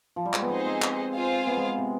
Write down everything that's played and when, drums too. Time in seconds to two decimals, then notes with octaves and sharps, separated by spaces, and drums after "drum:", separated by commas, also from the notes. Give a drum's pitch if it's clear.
0.16 F3
0.25 G3
0.34 G#3, drum: clap
0.42 B3
0.50 C4 D#4 G#4 C5 D#5
0.66 C4
0.82 drum: clap
1.14 F4 C5 F5 G#5
1.47 B3
1.57 G#3
1.68 G#3
1.78 C3